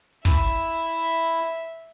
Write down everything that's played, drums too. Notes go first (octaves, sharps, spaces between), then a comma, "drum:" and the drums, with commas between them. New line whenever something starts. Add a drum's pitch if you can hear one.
E4 E5, drum: kick